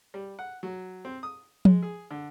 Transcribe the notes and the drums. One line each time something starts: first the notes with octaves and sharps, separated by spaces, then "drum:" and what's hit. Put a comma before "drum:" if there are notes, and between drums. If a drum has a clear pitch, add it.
G3
F#5
F#3
C4
D#6
G#3, drum: tom F3
G#4
D3